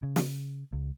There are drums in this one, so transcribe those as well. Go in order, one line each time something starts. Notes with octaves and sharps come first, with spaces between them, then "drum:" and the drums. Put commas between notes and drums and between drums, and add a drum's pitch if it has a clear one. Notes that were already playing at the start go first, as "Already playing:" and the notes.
C#3
drum: snare
C#2